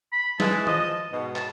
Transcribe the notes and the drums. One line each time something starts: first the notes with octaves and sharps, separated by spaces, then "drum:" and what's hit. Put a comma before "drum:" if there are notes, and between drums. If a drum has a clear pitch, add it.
B5
E3 G#3 A5, drum: snare
F3 D#5, drum: tom
G#2 B2
A5, drum: clap